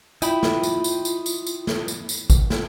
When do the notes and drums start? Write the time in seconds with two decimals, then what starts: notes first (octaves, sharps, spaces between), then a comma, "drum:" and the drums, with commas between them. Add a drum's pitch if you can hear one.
0.22 E4 F4 D#5 G5 B5, drum: tambourine
0.43 drum: snare
0.63 drum: tambourine
0.84 drum: tambourine
1.05 drum: tambourine
1.26 drum: tambourine
1.47 drum: tambourine
1.67 drum: snare
1.88 drum: tambourine
2.09 drum: tambourine
2.30 drum: kick, tambourine
2.50 drum: snare